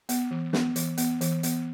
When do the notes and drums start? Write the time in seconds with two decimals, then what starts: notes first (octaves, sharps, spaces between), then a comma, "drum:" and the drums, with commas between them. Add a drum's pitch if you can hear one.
0.09 B3, drum: hi-hat
0.31 E3
0.53 B3, drum: snare
0.76 E3, drum: hi-hat
0.98 B3, drum: hi-hat
1.21 E3, drum: hi-hat
1.43 B3, drum: hi-hat